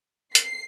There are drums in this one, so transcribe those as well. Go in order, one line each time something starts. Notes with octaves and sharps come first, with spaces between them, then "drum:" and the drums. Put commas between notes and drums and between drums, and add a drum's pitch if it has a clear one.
C7, drum: hi-hat